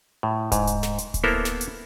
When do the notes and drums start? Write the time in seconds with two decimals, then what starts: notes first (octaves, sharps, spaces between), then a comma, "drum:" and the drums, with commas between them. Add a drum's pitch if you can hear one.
0.23 A2
0.52 G#2, drum: kick D1, hi-hat
0.67 drum: hi-hat
0.83 drum: snare
0.98 drum: hi-hat
1.14 drum: kick D1, hi-hat
1.24 A#3 B3 E4 A4 A#4 C5
1.45 drum: snare
1.61 drum: hi-hat